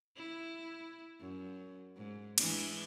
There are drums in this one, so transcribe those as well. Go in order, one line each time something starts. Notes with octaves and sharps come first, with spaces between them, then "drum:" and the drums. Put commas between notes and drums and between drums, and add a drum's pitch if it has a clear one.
E4
F#2
G#2
E3 G#3 D4, drum: cymbal